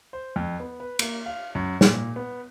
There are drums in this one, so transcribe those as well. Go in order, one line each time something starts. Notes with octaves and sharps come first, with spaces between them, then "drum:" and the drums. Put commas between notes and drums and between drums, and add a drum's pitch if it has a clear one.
C5
F2
B3
B4
A#3, drum: cymbal
F5
F#2
A#2, drum: snare
B3